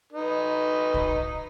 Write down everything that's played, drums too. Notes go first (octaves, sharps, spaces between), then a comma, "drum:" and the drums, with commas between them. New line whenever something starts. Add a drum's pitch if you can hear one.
D#4 B4
drum: kick B1